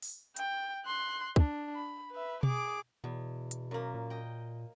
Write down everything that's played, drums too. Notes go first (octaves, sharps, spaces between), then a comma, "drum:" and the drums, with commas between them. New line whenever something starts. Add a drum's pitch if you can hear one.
drum: open hi-hat
G5, drum: hi-hat
C6 F#6
D4, drum: kick
B5
B4 E5
G#4 D6, drum: tom B2
E2 B2
drum: hi-hat
F#2 A#3
A#2
D#5 G5